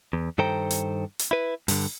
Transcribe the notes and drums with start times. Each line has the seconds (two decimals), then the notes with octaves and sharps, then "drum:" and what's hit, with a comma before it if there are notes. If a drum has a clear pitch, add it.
0.13 E2
0.38 G2 D#3 A4 C5 G5 A#5
0.71 drum: hi-hat
1.19 drum: hi-hat
1.31 E4 B4
1.68 G2 D3, drum: open hi-hat